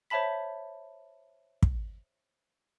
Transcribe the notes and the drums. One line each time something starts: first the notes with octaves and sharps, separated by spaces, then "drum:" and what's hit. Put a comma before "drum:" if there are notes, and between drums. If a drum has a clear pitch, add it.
C5 C#5 E5 A5 B5 B6
drum: kick